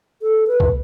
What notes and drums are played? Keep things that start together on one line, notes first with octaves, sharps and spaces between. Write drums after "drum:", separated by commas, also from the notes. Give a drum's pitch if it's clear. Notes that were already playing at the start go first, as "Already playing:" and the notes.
A4
B4
drum: kick C#2